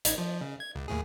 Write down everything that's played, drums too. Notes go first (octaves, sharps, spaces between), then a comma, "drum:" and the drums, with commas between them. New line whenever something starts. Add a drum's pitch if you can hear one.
A1 D#4 G#6, drum: hi-hat
F3
C#3
G#6
C#2
D#2 A2 G#4